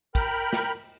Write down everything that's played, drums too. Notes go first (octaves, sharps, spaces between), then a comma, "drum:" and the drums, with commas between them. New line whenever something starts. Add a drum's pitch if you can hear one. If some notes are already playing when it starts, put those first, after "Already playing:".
A#4 G5 B5 F6, drum: kick, cymbal
drum: snare